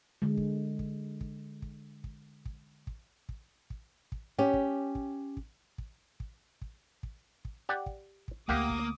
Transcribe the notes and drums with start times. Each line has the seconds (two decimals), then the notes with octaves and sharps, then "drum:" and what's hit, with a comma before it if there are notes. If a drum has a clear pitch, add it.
0.22 D3 G#3
0.37 drum: kick
0.79 drum: kick
1.21 drum: kick
1.62 drum: kick
2.04 drum: kick
2.45 drum: kick
2.87 drum: kick
3.29 drum: kick
3.70 drum: kick
4.12 drum: kick
4.38 C#4 G4
4.54 drum: kick
4.95 drum: kick
5.37 drum: kick
5.78 drum: kick
6.20 drum: kick
6.62 drum: kick
7.03 drum: kick
7.45 drum: kick
7.69 G4 D5 F#5
7.86 drum: kick
8.28 drum: kick
8.49 D2 A#3 B3 G4 F5 F#5 D6 D#6
8.70 drum: kick